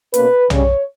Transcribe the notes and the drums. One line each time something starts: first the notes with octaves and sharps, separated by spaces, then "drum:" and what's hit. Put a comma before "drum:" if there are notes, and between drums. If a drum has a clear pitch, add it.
B2 A#3 C#4 B4, drum: hi-hat
C#3 G3 C#4 C#5, drum: tom B1